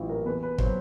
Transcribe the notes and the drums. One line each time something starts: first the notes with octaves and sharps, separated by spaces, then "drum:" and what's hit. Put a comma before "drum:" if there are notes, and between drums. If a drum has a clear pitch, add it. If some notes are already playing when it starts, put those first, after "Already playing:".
Already playing: A1 A2 F#3 E4 F4
A#4
E2 B4
B4
F#3 C5, drum: kick